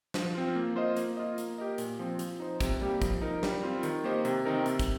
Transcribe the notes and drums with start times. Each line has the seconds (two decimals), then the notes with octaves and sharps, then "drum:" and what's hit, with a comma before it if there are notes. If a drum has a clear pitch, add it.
0.14 F3, drum: snare
0.35 C4 F4
0.56 A#3
0.76 F4 C5 D#5
0.97 A#3, drum: hi-hat
1.17 F4 D#5
1.38 A#3, drum: hi-hat
1.58 G4 A#4 D#5
1.78 A#2, drum: hi-hat
1.99 F3 C4
2.19 F3, drum: hi-hat
2.40 D#4 C5
2.61 C3, drum: kick, hi-hat
2.81 G3 A#3 G4
3.02 F3, drum: kick, hi-hat
3.22 D#4 A#4
3.43 G3, drum: snare
3.63 C4 F4
3.83 D#3, drum: hi-hat
4.04 A#3 G4 C5 D#5
4.25 C3, drum: hi-hat
4.45 D#3 C4 D#4 A#4
4.66 C3, drum: hi-hat
4.79 drum: kick, hi-hat